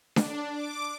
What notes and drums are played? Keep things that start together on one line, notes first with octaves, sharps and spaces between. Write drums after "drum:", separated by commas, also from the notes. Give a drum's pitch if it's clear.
D4, drum: snare D4
D6